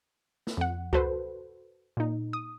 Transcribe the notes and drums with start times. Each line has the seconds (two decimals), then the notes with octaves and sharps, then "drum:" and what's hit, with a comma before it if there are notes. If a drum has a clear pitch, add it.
0.47 drum: snare
0.57 F2 F#5
0.93 F#4 A4 B4 C5, drum: kick C#2
1.97 A#2 D#4
2.33 D#6